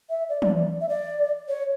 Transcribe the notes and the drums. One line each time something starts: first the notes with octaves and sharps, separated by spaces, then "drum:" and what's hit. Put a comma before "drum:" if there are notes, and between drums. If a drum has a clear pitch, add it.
E5
D5
D5, drum: tom E3
E5
D5
C#5